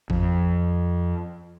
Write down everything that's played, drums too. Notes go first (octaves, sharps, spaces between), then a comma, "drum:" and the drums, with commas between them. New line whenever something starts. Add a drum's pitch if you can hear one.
F2, drum: kick G#1